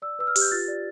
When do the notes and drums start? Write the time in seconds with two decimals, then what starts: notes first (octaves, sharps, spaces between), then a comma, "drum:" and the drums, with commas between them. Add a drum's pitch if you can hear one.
0.02 D5 E6
0.19 B4 E6
0.27 F6
0.36 G4, drum: open hi-hat
0.41 G6
0.52 F4 A6
0.68 D5